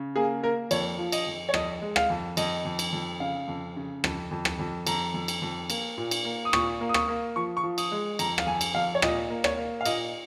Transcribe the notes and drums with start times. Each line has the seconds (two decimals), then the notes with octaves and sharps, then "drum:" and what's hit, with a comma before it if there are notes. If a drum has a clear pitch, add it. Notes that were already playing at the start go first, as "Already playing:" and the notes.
Already playing: C#3
0.16 A#3 G#4
0.43 A#3 A#4
0.71 F2 C#5, drum: cymbal
0.99 F3
1.12 D#5, drum: cymbal
1.27 F2
1.49 C#5
1.54 F2 D#5, drum: rim click
1.82 G#3
1.96 F5, drum: rim click
2.10 F2
2.37 F2 D#5, drum: cymbal
2.65 F2
2.79 drum: cymbal
2.93 F2
3.20 C#3 F5
3.48 F2
3.76 C#3
4.04 F2, drum: rim click
4.31 F2
4.45 drum: rim click
4.59 F2
4.87 F2 A#5, drum: cymbal
5.14 F2
5.28 drum: cymbal
5.42 F2
5.70 A#3, drum: cymbal
5.97 A#2
6.11 drum: cymbal
6.25 A#3
6.45 D#6
6.53 A#2 C#6, drum: rim click
6.81 A#3
6.89 D#6
6.94 C#6, drum: rim click
7.08 A#3
7.36 F3 C#6
7.57 C#6
7.63 F3
7.78 D#6, drum: cymbal
7.92 G#3
8.19 F2 A#5, drum: cymbal
8.38 F5, drum: rim click
8.47 F2 G#5
8.61 drum: cymbal
8.75 F2 F5
8.95 C#5
9.02 A#2 D#5, drum: rim click
9.30 A#3
9.44 C#5, drum: rim click
9.58 A#3
9.81 F5
9.85 A#2 D#5, drum: cymbal